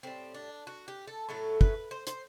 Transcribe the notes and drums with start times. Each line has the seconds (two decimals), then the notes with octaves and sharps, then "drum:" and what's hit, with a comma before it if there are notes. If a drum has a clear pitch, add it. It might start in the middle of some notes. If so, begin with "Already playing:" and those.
0.03 A2 G3 C4
0.34 D4
0.67 F#4
0.88 G4
1.07 A4
1.29 A2 F#3 A3 A4
1.61 B4, drum: kick
1.91 C5
2.07 C5, drum: hi-hat